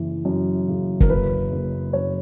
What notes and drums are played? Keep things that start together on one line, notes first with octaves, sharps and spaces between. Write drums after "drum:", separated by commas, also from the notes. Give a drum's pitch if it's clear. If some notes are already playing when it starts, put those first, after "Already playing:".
Already playing: F#1 E3
F#2
C#3
A#4, drum: kick
F#1 B4
F#1
F#2 C#5